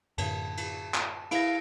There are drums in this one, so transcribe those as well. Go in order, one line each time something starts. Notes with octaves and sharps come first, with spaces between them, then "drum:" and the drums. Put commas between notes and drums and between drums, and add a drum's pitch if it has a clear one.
F#2 A2 D3 A5, drum: cymbal
drum: cymbal
drum: clap
E4 F5 A#6 D7, drum: cymbal